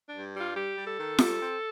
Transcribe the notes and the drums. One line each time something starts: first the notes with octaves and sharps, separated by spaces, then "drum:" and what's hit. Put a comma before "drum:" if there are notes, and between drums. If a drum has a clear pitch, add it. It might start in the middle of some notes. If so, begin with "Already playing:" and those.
D4
G2
G3
F4
G3 G4
G3
A4
D#3
G3, drum: snare
C4